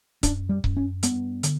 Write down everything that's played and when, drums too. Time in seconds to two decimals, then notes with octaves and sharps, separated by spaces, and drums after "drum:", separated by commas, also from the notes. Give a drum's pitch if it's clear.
0.23 F#2 D4, drum: kick C#1, hi-hat
0.49 G3
0.64 F#2, drum: kick C#1
0.77 C#4
1.03 G2 B3, drum: hi-hat
1.43 D3, drum: hi-hat